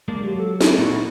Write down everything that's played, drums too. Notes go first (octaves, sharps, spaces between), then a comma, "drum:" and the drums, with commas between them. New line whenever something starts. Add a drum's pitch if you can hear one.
G#3 A#3 D4
F#3 G4
A4
E4, drum: snare
A#2 D#4 F#4